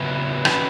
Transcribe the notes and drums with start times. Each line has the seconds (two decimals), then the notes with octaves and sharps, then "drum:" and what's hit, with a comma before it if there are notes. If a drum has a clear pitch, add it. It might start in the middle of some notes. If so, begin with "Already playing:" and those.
Already playing: C#3 F#3 B3 E4 B4
0.45 E3 C#4 F#4 B4, drum: rim click